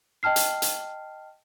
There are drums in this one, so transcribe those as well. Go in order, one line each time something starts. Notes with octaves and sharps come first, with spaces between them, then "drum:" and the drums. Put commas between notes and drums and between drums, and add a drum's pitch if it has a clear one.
D#5 G5 A5 F6 C7
drum: hi-hat
drum: hi-hat